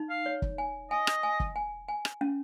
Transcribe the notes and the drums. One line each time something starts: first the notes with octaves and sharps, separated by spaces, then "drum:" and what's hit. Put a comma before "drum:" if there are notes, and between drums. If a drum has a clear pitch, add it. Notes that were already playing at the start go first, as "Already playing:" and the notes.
Already playing: D#4
F5
C#5
drum: kick
G#5
D#5 G#5
drum: rim click
G#5
drum: kick
G#5
G#5
drum: rim click
C#4